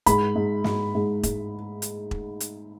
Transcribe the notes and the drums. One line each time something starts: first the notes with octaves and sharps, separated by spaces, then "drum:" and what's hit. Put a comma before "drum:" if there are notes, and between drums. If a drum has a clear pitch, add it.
G#2 B5, drum: kick E1, hi-hat
G#2
G#2, drum: snare
G#2
G#2, drum: kick E1, hi-hat
drum: hi-hat
drum: kick E1
drum: hi-hat